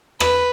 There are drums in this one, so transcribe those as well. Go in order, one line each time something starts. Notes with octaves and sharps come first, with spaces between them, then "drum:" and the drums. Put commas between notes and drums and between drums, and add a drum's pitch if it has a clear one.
B4, drum: rim click